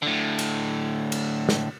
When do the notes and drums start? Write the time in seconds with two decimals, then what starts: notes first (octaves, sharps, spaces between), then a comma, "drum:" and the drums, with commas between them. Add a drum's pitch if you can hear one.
0.02 A2 D3
0.39 drum: cymbal
1.12 drum: cymbal
1.49 drum: snare